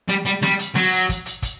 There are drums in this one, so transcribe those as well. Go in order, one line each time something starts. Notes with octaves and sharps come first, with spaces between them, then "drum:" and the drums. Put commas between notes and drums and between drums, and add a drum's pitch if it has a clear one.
G3
G3
G3, drum: snare
drum: hi-hat
F#3, drum: snare
drum: hi-hat
drum: kick, hi-hat
drum: hi-hat
drum: kick, hi-hat